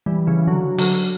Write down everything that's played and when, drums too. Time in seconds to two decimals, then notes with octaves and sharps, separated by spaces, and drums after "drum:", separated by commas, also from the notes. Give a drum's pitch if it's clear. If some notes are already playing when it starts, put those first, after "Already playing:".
0.06 E3 G3
0.27 C#3 E3
0.47 D3 F#3
0.78 D3 F#3, drum: open hi-hat